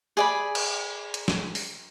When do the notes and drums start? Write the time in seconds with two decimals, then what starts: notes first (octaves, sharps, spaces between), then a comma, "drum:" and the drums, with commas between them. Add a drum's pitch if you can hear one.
0.17 G#4 D5 B5
0.55 drum: cymbal
1.14 drum: hi-hat
1.28 drum: snare
1.55 drum: open hi-hat